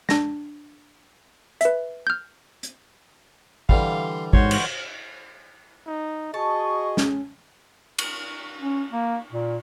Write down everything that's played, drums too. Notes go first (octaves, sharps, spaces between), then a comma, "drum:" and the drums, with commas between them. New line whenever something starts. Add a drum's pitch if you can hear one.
D4 A#6, drum: snare
B4 E5, drum: hi-hat
F6 G6
drum: hi-hat
D3 E3 G3 F5 C6, drum: kick
G#2 F#4 C5 C#5 C6, drum: kick
drum: cymbal
D#4
F#4 G#4 D#5 A5 C#6
C#4, drum: snare
drum: cymbal
C#4
A#3
A#2